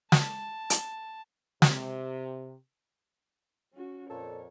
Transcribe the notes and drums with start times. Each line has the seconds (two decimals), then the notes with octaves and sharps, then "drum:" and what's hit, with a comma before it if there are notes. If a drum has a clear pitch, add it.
0.12 A5, drum: snare
0.70 drum: hi-hat
1.62 C3, drum: snare
3.73 C#4 F#4
4.10 F2 A#2 A4 C#5